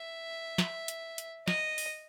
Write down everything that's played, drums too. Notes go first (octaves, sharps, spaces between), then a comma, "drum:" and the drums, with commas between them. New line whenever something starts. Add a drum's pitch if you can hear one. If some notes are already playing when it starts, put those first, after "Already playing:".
Already playing: E5
drum: snare
drum: hi-hat
drum: hi-hat
D#5, drum: snare
drum: open hi-hat